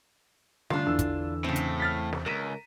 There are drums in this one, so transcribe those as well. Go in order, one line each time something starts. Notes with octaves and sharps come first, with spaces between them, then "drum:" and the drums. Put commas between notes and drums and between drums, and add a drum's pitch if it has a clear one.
D3 G3 A3 D4 F4, drum: snare
E2 D3 E3 E6
drum: kick, hi-hat
A2 C#3 C4
drum: hi-hat
F6 A6 B6
drum: snare
C#2 G2 A#4 B6 D#7 E7